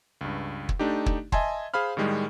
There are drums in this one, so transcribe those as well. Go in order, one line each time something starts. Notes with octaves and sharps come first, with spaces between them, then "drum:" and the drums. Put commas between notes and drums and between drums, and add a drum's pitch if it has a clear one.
C#2 G2
drum: kick
A3 D4 D#4 G4
drum: kick
D#5 E5 G#5 A5 C6, drum: kick
G#4 C5 F5 B5 F6
A2 D#3 G3 G#3